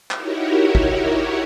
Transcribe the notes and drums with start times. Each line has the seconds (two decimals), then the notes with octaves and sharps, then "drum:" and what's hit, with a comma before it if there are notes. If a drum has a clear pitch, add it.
0.11 D#4 E4 F#4 G4 A#4 C#5, drum: clap
0.75 drum: kick